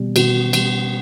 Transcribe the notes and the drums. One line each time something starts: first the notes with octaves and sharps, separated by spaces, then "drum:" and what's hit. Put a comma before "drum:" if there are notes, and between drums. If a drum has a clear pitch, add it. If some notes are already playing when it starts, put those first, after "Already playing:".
Already playing: B2 G3
B2 F#4, drum: cymbal
G3, drum: cymbal